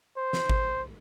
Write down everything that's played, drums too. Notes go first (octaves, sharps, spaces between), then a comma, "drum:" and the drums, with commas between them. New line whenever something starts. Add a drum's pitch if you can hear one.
C5
drum: snare
drum: kick G#1